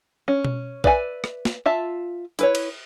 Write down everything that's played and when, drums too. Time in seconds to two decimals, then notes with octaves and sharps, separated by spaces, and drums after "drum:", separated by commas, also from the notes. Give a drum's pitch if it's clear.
0.28 C#4
0.45 drum: tom B2
0.84 B4 D5 E5 G#5, drum: kick
1.24 drum: rim click
1.45 drum: snare
1.66 F4 E5 A5
2.39 E4 B4 C#5, drum: hi-hat
2.55 drum: cymbal